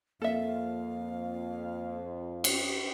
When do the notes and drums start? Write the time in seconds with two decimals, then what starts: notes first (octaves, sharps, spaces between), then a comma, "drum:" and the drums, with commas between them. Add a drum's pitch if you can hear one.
0.22 F2 A#3 A4 E5 F5
2.44 drum: cymbal